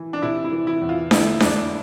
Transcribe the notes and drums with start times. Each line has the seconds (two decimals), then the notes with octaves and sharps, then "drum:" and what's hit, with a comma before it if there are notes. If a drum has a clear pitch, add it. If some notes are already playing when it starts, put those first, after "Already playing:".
Already playing: E3
0.13 D4
0.22 C3 E4
0.44 E4
0.52 E3
0.67 E4
0.82 E2
0.89 F4
1.11 D3 E4, drum: snare D4
1.40 F2 D4, drum: snare D4